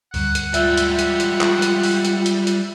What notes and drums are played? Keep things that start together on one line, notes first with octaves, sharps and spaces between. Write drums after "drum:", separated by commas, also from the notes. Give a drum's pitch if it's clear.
D2 G2 F#5, drum: open hi-hat
drum: hi-hat
G3 G#3 F4 E5 E6 G6, drum: hi-hat
drum: hi-hat
drum: hi-hat
drum: hi-hat
drum: clap
drum: hi-hat
drum: open hi-hat
drum: hi-hat
drum: hi-hat
drum: hi-hat